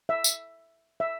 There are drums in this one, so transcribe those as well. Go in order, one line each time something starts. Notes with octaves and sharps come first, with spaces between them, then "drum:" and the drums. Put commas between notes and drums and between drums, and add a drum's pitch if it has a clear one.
E5
drum: tambourine
E5